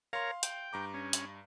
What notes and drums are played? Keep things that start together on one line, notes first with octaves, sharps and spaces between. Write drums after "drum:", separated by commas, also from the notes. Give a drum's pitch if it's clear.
A#4 C#5 F5 A#5 C6
G5, drum: hi-hat
G2 A#5 D6
C#4
drum: hi-hat